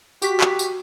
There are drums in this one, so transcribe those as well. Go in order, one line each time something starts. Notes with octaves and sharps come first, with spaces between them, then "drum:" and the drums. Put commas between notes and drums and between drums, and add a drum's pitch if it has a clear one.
F#4 G4 B6, drum: tambourine
drum: clap
drum: tambourine